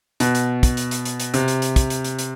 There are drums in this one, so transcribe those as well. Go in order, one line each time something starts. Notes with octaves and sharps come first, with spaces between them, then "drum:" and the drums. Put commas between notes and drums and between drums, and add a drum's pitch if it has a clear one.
B2, drum: hi-hat
drum: hi-hat
drum: kick, hi-hat
drum: hi-hat
drum: hi-hat
drum: hi-hat
drum: hi-hat
C3, drum: hi-hat
drum: hi-hat
drum: hi-hat
drum: kick, hi-hat
drum: hi-hat
drum: hi-hat
drum: hi-hat